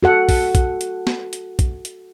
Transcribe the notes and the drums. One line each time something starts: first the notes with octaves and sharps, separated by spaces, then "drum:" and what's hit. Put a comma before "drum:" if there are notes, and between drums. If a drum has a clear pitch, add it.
F#4 A4 F#5
drum: kick, open hi-hat
drum: kick, hi-hat
drum: hi-hat
drum: snare
drum: hi-hat
drum: kick, hi-hat
drum: hi-hat